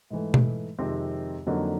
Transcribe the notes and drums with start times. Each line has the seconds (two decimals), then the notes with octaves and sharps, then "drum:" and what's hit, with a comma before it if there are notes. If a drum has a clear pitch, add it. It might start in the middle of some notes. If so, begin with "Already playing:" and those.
0.10 G#2 E3 A3
0.34 drum: tom B2
0.79 F2 C3 D#3 G#3 C4
1.47 F2 D3 F#3 A#3 D#4